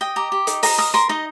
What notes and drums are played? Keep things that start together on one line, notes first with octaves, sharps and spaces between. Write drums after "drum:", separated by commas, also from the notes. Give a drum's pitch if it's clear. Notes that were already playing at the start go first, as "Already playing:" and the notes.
D#5 G5
G4 A#5
G4
D#4, drum: hi-hat
D#5 A#5, drum: open hi-hat
A#4 D#6
A#4 C6
D#4 D#5